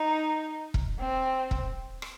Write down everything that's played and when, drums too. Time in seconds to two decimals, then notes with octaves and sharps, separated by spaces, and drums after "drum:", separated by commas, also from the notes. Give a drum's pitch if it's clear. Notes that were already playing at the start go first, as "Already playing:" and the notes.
Already playing: D#4
0.74 drum: kick E1
1.00 C4
1.51 drum: kick E1
2.02 drum: rim click